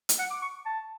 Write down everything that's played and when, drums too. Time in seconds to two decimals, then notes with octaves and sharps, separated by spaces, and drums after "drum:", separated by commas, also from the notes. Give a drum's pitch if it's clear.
0.09 drum: hi-hat
0.19 F#5
0.30 D6
0.42 C#6
0.65 A5